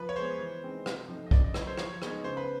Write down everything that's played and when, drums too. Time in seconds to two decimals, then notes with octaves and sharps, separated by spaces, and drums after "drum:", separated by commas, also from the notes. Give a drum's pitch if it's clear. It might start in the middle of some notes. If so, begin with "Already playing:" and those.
Already playing: F3 B4
0.09 C#5
0.16 G#3 B3 C5
0.39 E3
0.63 G#3 C4 D#4
0.86 C3, drum: rim click
1.08 F3 A3 C4 D#4
1.26 D#5
1.31 C#3 D5, drum: kick
1.44 D#5
1.54 F#3 A3 C#5, drum: rim click
1.67 C5
1.78 F3 C#5, drum: rim click
2.02 G#3 B3 D#4, drum: rim click
2.24 C#3 C5
2.37 B4